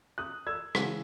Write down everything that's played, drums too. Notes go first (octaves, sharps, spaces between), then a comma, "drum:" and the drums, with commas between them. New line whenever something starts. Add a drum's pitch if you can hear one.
D#6 F#6
E6 G#6
C#3 E3 G#3, drum: rim click